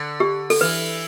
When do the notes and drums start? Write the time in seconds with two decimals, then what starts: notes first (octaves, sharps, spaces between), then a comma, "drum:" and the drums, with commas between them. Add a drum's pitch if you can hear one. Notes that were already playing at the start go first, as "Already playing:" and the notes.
Already playing: D3
0.20 G4
0.50 A4, drum: open hi-hat
0.61 E3 B4